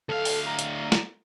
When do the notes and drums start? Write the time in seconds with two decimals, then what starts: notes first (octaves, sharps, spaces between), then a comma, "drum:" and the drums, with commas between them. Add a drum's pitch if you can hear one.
0.09 D2 A4 F5
0.25 drum: open hi-hat
0.46 A#5
0.59 drum: hi-hat
0.92 drum: snare